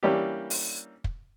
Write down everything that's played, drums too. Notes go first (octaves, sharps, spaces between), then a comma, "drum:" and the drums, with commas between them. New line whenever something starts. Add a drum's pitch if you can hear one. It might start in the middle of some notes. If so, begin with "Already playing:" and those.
E3 G3 A#3 C#4 D4 G4
drum: open hi-hat
drum: kick